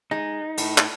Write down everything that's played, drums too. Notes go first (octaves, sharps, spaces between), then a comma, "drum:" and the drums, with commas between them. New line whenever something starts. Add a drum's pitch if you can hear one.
G#3 D#4
A2, drum: cymbal
drum: clap